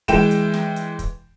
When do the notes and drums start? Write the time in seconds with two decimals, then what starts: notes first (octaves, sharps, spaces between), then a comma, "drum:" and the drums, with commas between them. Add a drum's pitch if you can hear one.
0.08 E3 G#3 G5 E7, drum: kick, hi-hat
0.31 drum: hi-hat
0.54 drum: snare
0.76 drum: hi-hat
0.99 drum: kick, hi-hat